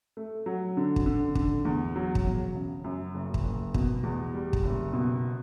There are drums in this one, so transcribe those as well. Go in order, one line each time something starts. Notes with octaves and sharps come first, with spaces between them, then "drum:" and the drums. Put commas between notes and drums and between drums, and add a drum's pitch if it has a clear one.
A3
F#3
D3
drum: kick
D3
D3, drum: kick
E2
F#3
drum: kick
E1
C#3
F#2
F#1
drum: kick
F#1
B2, drum: kick
E2
G3
drum: kick
F#1
B2